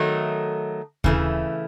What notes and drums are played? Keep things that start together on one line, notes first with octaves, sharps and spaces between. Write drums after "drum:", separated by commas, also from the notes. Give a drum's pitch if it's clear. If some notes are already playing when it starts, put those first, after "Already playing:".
Already playing: D#3 F#3 A3 D#4
C#3 E3 A3, drum: kick D#2